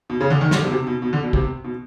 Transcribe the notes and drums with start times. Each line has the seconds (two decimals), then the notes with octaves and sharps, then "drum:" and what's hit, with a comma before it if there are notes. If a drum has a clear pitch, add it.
0.10 B2
0.20 C#3
0.30 D3
0.41 D#3
0.51 D3, drum: snare
0.61 C3
0.67 B2
0.71 C3
0.87 B2
1.02 B2
1.13 D3
1.23 B2
1.33 C3, drum: kick
1.64 B2